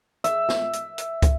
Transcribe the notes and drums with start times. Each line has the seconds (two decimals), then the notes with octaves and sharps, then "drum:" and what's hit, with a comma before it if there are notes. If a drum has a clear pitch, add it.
0.24 E5, drum: hi-hat
0.49 drum: snare
0.73 drum: hi-hat
0.98 drum: hi-hat
1.22 drum: kick, hi-hat